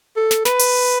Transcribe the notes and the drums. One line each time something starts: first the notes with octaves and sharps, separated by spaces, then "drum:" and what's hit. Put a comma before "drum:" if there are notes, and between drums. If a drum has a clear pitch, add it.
A4
drum: snare
B4, drum: snare
drum: open hi-hat